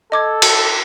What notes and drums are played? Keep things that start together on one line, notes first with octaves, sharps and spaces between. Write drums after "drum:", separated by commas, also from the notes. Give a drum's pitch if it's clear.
A4 D#5 D6 G#6
drum: cymbal